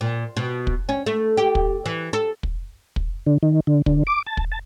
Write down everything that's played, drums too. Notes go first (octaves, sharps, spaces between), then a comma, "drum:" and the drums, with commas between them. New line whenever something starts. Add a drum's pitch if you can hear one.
A#2
B2
drum: kick
C#4
A3
G4
drum: kick
E3
A4
drum: kick
drum: kick
D3
D#3
D3
D3, drum: kick
D6
A5
drum: kick
A5